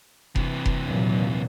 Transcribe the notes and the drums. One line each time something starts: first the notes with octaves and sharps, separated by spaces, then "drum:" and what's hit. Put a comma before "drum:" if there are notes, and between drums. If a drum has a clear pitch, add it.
C3 E3, drum: kick F1
drum: kick F1
D#2 A#2 F#3